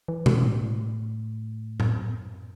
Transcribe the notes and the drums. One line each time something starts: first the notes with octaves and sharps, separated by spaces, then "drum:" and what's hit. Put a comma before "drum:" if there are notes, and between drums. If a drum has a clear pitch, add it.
E3
C3, drum: tom B2
A2
F#2, drum: tom A2